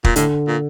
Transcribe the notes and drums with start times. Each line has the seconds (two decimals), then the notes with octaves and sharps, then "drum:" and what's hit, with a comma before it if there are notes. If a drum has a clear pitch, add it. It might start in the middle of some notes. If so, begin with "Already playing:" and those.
0.04 A#2, drum: kick
0.16 A2 D3, drum: hi-hat
0.47 A#2